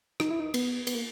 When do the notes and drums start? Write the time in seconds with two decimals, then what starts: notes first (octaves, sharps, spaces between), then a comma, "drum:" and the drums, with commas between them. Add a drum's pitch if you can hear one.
0.20 D#4, drum: rim click
0.31 E4
0.40 D#4
0.54 B3, drum: cymbal
0.87 B3, drum: cymbal
0.95 A#3